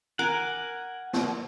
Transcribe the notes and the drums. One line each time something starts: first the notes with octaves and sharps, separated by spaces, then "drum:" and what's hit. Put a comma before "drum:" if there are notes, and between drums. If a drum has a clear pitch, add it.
A#4 F#5 G#5 D6
drum: snare